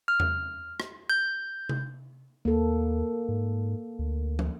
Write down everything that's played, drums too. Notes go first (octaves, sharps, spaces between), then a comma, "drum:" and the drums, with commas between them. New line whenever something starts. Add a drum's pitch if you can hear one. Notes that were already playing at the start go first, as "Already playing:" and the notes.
F6
drum: tom E2
drum: rim click
G6
drum: tom C3
D#2 A#3 A4
G#2
D2
drum: tom